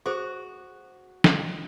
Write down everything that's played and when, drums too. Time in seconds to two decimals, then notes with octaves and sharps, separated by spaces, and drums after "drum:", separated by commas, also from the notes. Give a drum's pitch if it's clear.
0.06 F#4 G#4 A4 C5
1.24 drum: snare